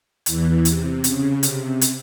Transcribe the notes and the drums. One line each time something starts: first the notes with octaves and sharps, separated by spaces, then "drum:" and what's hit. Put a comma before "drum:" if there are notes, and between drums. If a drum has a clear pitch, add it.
E2 E3, drum: hi-hat
C3, drum: hi-hat
C#3, drum: hi-hat
C3, drum: hi-hat
drum: hi-hat